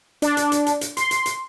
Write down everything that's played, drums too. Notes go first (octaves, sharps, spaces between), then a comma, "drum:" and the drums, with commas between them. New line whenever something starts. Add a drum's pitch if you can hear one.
D4, drum: hi-hat
drum: hi-hat
drum: hi-hat
drum: hi-hat
drum: hi-hat
C6, drum: hi-hat
drum: hi-hat
drum: hi-hat